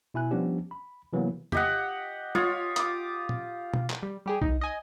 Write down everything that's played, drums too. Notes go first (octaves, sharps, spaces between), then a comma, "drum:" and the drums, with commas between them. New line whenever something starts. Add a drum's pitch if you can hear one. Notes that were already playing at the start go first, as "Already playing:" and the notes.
B2 E4 G#5 F#6
F3 G3 B3 C#4 D4 G4
B5
C3 E3 F#3 A#3 B3
G4 D#5 F#5, drum: tom
F4 C#5 D#6, drum: tom
D6 D#6, drum: hi-hat
drum: tom
drum: tom B2
drum: clap
G3
G3 G4 G#4
D#4, drum: kick
D#5 G#5